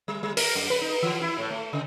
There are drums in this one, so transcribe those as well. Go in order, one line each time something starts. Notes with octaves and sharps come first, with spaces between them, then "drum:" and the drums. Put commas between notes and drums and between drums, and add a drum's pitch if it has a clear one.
G3
G3
A#4, drum: open hi-hat
F#2
B4
D#4
E3
E4
A2
A3
C#3